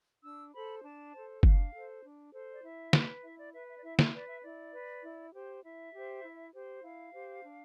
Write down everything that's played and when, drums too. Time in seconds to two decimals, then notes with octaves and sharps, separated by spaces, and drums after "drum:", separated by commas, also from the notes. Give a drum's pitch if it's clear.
0.23 D4 E6
0.53 A4 C5 B5
0.83 D4 A5
1.13 A4 C5
1.43 D4 F5, drum: kick
1.74 A4 C5
2.03 D4
2.33 A4 C5
2.52 D5
2.63 E4 E5
2.93 B4, drum: snare
3.23 E4 E5
3.38 D5
3.53 B4 E5
3.68 E5
3.77 D5
3.83 E4 E5
3.99 E5, drum: snare
4.13 B4 D5
4.28 E5
4.43 E4 D5
4.73 B4
5.02 E4
5.33 G4 C5
5.62 E4 E5
5.93 G4 C5
6.23 E4
6.53 G4 C5
6.83 E4 F5
7.12 G4 C5
7.43 D4